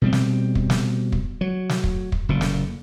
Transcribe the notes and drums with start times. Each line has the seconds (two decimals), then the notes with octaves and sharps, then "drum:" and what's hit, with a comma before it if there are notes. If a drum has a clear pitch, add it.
0.02 B2 G3 C4
0.13 drum: snare
0.55 drum: kick
0.70 drum: snare
1.12 drum: kick
1.41 F#3
1.69 drum: snare
1.84 drum: kick
2.12 drum: kick
2.29 F#1 A#2
2.41 drum: snare